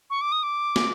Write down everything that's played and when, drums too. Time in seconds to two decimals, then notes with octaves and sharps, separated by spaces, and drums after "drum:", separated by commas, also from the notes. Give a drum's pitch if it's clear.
0.10 C#6
0.21 D6
0.32 D#6
0.43 D6
0.76 drum: snare